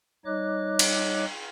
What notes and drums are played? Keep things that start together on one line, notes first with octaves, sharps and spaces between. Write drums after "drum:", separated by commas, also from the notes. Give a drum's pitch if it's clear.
G3 D#4 C#5 D#5 D6 F#6
drum: cymbal